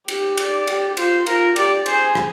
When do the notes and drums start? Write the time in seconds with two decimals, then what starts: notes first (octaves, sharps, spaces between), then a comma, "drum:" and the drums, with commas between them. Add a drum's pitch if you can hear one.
0.08 G4, drum: cymbal
0.37 D5, drum: cymbal
0.67 G4, drum: cymbal
0.97 F4 C5, drum: cymbal
1.26 F4 A#4, drum: cymbal
1.56 G4 D5, drum: cymbal
1.86 G#4 C5, drum: cymbal
2.15 drum: rim click